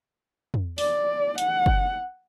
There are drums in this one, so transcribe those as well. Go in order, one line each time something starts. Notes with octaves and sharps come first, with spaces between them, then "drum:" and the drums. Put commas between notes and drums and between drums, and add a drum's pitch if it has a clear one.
drum: tom
D5, drum: open hi-hat
F#5, drum: hi-hat
drum: kick F#1